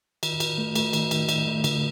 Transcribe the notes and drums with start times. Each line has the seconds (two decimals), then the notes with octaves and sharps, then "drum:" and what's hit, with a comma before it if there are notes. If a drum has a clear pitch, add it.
0.23 D#3, drum: cymbal
0.40 D#3, drum: cymbal
0.58 A3
0.75 A3, drum: cymbal
0.93 D#3, drum: cymbal
1.11 D#3, drum: cymbal
1.29 D#3, drum: cymbal
1.47 A3
1.64 D3, drum: cymbal